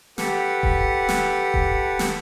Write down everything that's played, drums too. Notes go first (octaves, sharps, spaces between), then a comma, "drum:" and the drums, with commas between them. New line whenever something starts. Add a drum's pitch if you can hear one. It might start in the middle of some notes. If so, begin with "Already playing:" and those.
G4 A4 B4 F#5, drum: snare
drum: kick D#1
drum: snare
drum: kick D#1
drum: snare